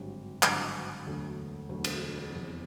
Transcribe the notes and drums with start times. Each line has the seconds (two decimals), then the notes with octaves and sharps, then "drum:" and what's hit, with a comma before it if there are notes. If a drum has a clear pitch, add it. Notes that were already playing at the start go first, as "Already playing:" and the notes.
Already playing: G#1 G2 D3 F#3
0.43 G#1 G2 D3 F#3, drum: clap
1.06 E1 D2 D3 F#3 A3
1.69 E1 D2 D3 F#3 A3
1.84 drum: cymbal
2.32 F1 E2 C3